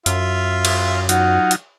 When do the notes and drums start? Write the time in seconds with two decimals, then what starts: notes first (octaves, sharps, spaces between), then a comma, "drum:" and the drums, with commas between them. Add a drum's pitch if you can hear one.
0.06 F#2 F4 E5 F5, drum: hi-hat
0.65 drum: cymbal
1.09 F#3 D#4 F4 F#5, drum: hi-hat
1.51 drum: hi-hat